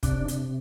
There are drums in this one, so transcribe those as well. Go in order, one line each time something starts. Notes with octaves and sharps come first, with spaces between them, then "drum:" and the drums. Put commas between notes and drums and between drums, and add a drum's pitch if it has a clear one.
C3 D4, drum: kick, hi-hat
C3, drum: hi-hat